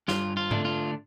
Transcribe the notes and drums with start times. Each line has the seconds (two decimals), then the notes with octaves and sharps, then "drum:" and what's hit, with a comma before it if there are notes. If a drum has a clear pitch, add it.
0.08 G2 F4, drum: snare
0.37 F4
0.51 D3 A3 D4, drum: tom G#2
0.65 F4